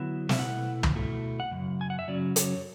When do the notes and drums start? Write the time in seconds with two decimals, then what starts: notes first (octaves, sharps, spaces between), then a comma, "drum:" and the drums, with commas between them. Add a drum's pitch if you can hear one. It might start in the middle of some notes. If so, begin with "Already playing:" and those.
Already playing: D3 F#3 B3 E4
0.29 E5, drum: snare
0.39 B2 A3 E4 F#5
0.83 drum: tom
0.95 B2 A3 E4
1.40 F#5
1.51 F#2 C#3
1.81 G#5
1.90 F#5
1.99 E5
2.08 F#2 C#3 F#3 C#4 D5
2.36 C#5, drum: hi-hat